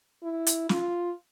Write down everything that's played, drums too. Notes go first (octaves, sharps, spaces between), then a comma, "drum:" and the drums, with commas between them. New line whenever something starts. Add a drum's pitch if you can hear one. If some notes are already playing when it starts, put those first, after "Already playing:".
E4
drum: hi-hat
F4, drum: snare